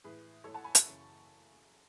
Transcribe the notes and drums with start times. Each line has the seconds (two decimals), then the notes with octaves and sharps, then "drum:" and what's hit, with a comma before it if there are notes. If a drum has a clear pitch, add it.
0.04 A2 E3 G#4 B4
0.44 A2 E3 A4 C#5
0.54 F#5 A5
0.64 G#5 B5
0.75 A5 C#6, drum: hi-hat
0.85 F#2 C#3 E3